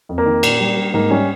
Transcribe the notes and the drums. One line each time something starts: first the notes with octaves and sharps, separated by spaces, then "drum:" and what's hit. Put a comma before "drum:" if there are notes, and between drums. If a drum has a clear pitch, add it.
F2
A#3
D#3
A#2, drum: cymbal
G3
G3
G#2 A#3
G3 C#4